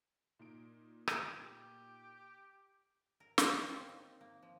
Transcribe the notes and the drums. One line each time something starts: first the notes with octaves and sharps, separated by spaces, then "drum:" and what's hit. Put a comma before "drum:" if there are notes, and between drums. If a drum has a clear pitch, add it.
A#2 D#4 D7
drum: rim click
G4
A#4
G4, drum: snare
A#3
C4
D#4
A#3
F3